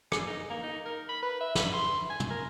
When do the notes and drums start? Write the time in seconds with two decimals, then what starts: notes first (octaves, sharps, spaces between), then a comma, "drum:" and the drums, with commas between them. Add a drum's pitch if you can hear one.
0.12 G#4, drum: rim click
0.27 D#4
0.50 A#3
0.63 D#4
0.85 A#4
1.09 B5
1.23 B4
1.41 E5
1.55 B5, drum: snare
1.74 C6
2.10 G#5
2.20 drum: tom
2.30 A#4